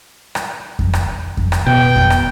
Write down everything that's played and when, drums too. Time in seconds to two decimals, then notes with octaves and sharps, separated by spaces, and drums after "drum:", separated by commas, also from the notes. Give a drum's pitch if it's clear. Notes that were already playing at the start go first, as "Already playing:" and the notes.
0.35 drum: rim click
0.79 drum: kick F2
0.93 drum: rim click
1.37 drum: kick F2
1.52 drum: rim click
1.66 B2 G5
1.96 drum: kick F2
2.10 drum: rim click